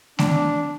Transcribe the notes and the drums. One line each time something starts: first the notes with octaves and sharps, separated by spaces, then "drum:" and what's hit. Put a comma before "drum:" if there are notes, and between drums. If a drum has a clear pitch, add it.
D4, drum: snare A3